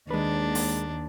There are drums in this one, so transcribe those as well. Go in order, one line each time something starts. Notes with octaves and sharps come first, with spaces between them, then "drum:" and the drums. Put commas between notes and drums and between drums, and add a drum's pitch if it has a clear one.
D#2 G#3 D4 B4
drum: open hi-hat